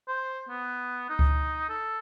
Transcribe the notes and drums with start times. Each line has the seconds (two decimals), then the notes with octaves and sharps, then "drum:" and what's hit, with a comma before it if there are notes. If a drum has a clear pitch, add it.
0.08 C5
0.49 B3
1.10 D#4
1.19 drum: kick C#2
1.70 A4